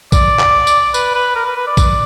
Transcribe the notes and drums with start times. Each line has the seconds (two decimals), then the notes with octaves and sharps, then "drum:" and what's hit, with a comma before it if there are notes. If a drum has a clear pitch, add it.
0.12 D5, drum: kick, tambourine
0.39 drum: clap
0.67 drum: tambourine
0.94 B4, drum: tambourine
1.15 B4
1.36 A#4
1.46 B4
1.56 B4
1.67 D5
1.77 drum: kick, tambourine